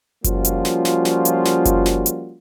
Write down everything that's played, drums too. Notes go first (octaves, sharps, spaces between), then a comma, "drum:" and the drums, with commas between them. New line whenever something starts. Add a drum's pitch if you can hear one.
F3 G3 A#3 C#4 F4 F#4, drum: kick F#1, hi-hat
drum: hi-hat
drum: snare
drum: snare
drum: snare
drum: hi-hat
drum: snare
drum: kick F#1, hi-hat
drum: snare
drum: hi-hat